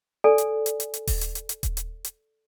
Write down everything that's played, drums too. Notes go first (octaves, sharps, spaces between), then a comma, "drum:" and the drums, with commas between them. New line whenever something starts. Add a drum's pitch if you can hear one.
A4 D5 G#5
drum: hi-hat
drum: hi-hat
drum: hi-hat
drum: hi-hat
drum: kick D#1, open hi-hat
drum: hi-hat
drum: hi-hat
drum: hi-hat
drum: kick D#1, hi-hat
drum: hi-hat
drum: hi-hat